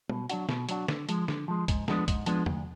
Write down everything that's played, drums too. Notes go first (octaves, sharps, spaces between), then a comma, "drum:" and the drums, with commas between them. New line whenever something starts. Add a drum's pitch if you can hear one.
B2, drum: tom
F#3 D4 F#4, drum: hi-hat
B2, drum: snare
F#3 D4 F#4, drum: hi-hat
D3, drum: snare
F3 G#3, drum: hi-hat
D3, drum: snare
F3 G#3
G#2, drum: kick F#1, hi-hat
F3 G#3 B3 D4, drum: snare
G#2, drum: kick F#1, hi-hat
F3 G#3 B3 D4, drum: hi-hat
D2, drum: tom